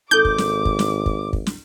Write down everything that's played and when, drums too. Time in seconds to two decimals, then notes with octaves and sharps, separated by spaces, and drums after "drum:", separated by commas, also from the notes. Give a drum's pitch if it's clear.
0.11 G#1 D#4 A4 D6 G6
0.25 drum: kick
0.38 drum: snare
0.65 drum: kick
0.79 drum: snare
1.06 drum: kick
1.33 drum: kick
1.47 drum: snare